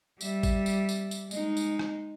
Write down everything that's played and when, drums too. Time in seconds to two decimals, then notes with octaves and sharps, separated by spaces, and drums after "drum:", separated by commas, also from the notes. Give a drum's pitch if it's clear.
0.21 G3 E5, drum: tambourine
0.43 drum: kick, tambourine
0.66 drum: tambourine
0.89 drum: tambourine
1.11 drum: tambourine
1.31 G#3 D#4, drum: tambourine
1.57 drum: tambourine
1.79 drum: rim click